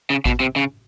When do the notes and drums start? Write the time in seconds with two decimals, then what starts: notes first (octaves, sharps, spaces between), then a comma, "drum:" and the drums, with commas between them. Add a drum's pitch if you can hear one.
0.10 C#3
0.25 B2, drum: kick A1
0.40 C3
0.56 C#3